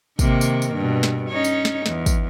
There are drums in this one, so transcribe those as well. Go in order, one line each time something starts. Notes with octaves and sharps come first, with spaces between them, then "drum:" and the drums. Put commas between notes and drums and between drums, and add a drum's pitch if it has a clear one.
C3 D#3 A#3, drum: kick, tambourine
drum: tambourine
drum: tambourine
G2 B2
drum: snare
C#4 D#4 C#5
drum: tambourine
drum: snare
E2, drum: snare
drum: kick, tambourine